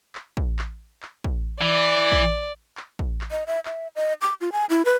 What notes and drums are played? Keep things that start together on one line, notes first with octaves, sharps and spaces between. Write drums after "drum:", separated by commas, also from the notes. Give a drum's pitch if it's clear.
drum: clap
drum: kick
drum: clap
drum: clap
drum: kick
E3 D5
drum: kick
drum: clap
drum: kick
drum: clap
D#5
E5
E5, drum: clap
D#5
D6
F4
G#5
E4
B4